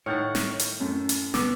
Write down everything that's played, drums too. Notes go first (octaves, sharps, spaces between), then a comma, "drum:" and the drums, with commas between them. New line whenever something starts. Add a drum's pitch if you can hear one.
A2 D#3 C#5 F#5 F6 G6 A6
drum: snare
drum: hi-hat
F#2 A3
drum: hi-hat
D2 B2 B3 D6 E6, drum: snare